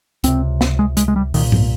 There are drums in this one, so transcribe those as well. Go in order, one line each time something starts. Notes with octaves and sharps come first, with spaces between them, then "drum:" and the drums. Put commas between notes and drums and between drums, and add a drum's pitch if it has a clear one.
C#2 C3 C4, drum: hi-hat
drum: snare
G#3
G#3, drum: hi-hat
G#3
G3
C2 A#2 D#3, drum: open hi-hat
drum: tom G#2